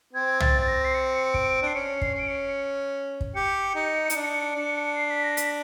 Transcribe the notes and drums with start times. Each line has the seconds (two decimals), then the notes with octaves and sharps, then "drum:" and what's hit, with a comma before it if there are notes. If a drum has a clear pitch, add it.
0.13 C4 G#6
0.40 A6, drum: tom
0.61 A6
0.67 A#6
0.85 C7
0.94 C#7
1.34 D7, drum: kick
1.62 D4 C7
1.74 C#4 C#7
2.02 C7, drum: kick
2.14 C#4 D7
2.28 C#7
3.21 drum: kick
3.35 G4 C#7
3.75 D#4
4.10 D#4, drum: hi-hat
4.16 D4
4.55 D4
4.96 C7
5.10 B6
5.24 A#6
5.37 B6, drum: hi-hat